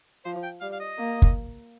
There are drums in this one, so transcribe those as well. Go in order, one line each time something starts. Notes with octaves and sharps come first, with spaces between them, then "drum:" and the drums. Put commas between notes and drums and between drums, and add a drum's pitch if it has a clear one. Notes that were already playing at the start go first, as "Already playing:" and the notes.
F3 C5
G5
G3 F5
F5
D#5
A#3
drum: kick